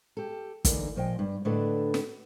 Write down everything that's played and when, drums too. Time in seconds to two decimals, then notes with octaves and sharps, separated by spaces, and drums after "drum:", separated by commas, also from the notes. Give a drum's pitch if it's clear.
0.17 G4 A4
0.65 D3 E3 A#3 D#4, drum: kick, hi-hat
0.96 A#2 F3 D#5 G5 G#5
1.19 G2
1.45 A2 D3 D4 A4 B4 D#5
1.94 drum: snare